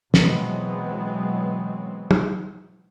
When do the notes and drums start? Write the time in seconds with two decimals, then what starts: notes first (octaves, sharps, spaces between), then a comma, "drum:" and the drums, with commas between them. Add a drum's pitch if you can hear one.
0.14 B2 E3 F#3 G#3 B3 C4, drum: snare
2.11 drum: tom